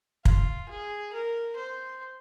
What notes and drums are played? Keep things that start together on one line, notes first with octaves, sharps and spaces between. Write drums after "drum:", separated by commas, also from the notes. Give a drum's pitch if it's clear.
F4, drum: kick
G#4
A#4
C5